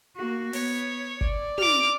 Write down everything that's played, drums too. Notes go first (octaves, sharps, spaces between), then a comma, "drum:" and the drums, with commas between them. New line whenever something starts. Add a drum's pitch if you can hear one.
A#3 F#4
B3 C#5, drum: open hi-hat
D5, drum: kick G1
D6 F6, drum: tom